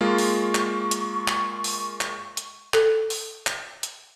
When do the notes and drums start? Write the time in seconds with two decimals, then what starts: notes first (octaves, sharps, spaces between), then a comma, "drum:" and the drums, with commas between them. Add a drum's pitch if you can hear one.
0.01 G#3 A#3 F4 C#6
0.18 drum: open hi-hat
0.55 drum: clap
0.91 drum: hi-hat
1.28 drum: clap
1.64 drum: open hi-hat
2.01 drum: clap
2.37 drum: hi-hat
2.74 A4, drum: clap
3.10 drum: open hi-hat
3.47 drum: clap
3.83 drum: hi-hat